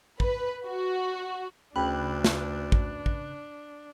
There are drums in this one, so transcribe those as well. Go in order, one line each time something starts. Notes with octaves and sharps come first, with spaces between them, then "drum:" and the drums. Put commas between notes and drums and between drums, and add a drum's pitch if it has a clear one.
B4, drum: kick
F#4
D2 C#3 D4 B4 G5 F#6
drum: snare
drum: kick
drum: kick